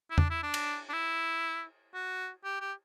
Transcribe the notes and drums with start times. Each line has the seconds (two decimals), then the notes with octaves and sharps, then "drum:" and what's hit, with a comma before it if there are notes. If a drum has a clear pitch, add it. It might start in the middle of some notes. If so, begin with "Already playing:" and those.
0.10 E4
0.18 D4, drum: tom
0.31 E4
0.43 D4
0.54 drum: cymbal
0.89 D4
0.93 E4
1.94 F#4
2.44 G4
2.61 G4